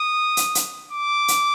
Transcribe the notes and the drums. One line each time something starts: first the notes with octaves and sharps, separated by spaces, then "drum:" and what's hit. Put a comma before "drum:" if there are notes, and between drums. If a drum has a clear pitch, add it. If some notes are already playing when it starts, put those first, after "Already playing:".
Already playing: D#6
drum: hi-hat
drum: hi-hat
D6
drum: hi-hat